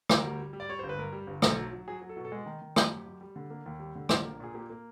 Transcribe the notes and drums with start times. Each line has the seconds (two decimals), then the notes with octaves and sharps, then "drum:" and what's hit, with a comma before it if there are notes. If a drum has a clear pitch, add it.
0.09 D2 A#4, drum: rim click
0.25 G3
0.39 G3
0.53 G3
0.60 D5
0.69 G3 C#5
0.79 G1 C5
0.89 B4
0.98 G2 A#4
1.12 G3
1.27 G1
1.42 B1 A4, drum: rim click
1.57 F#3
1.73 F#3
1.88 F#3 G#4
2.02 F#3
2.09 A4
2.16 B2
2.25 A4
2.32 G#3 G#4
2.46 D#3
2.62 D#3
2.76 F#2 G4, drum: rim click
2.92 F#2
3.06 F#2
3.21 G3
3.36 D3
3.50 A#3
3.66 D#2
3.80 G3
3.95 D3
4.09 A#1 G4, drum: rim click
4.24 A#3
4.40 A#2 G#4
4.54 A#3 G4
4.70 A#3